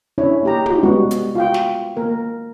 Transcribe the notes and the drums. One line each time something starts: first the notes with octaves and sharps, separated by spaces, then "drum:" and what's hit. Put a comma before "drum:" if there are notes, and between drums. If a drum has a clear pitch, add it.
C#4 D4 E4 C#5
A#3 G4 A#5
drum: tom
G3 G#3 B3 F#4
drum: hi-hat
F4 F#4 F5 G5
drum: snare
A#3 A#4
A#3